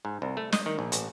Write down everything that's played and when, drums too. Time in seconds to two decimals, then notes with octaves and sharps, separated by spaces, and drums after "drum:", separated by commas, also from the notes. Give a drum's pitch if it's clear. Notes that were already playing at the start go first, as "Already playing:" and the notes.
0.05 G#2
0.22 C2
0.37 A3
0.52 D#5, drum: snare
0.66 D#3
0.79 A#1
0.92 A1, drum: hi-hat